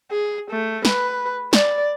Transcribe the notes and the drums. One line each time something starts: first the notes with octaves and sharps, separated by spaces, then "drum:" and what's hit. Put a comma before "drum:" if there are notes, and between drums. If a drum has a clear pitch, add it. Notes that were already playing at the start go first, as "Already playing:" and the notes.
G#4
A3
B4, drum: snare
D5, drum: snare